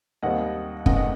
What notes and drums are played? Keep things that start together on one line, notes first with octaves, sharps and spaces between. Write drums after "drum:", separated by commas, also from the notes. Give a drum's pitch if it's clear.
D#2 D#3 G3 C4 D#5 F#5
E2 D#3 A3 D#5 F#5, drum: kick
D#5 F#5